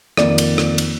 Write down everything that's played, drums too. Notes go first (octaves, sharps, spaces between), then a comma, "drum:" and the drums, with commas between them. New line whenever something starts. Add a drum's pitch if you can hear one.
F2 D#3 A#3 D5, drum: rim click
drum: cymbal
drum: rim click
drum: cymbal